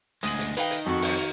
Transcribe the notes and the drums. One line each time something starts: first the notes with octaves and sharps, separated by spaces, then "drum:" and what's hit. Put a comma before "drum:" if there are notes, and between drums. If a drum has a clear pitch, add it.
D2 G#3 D#6 A#6 F#7, drum: hi-hat
drum: hi-hat
D#3 B4 F5 G5, drum: hi-hat
drum: hi-hat
F2 F#4
drum: open hi-hat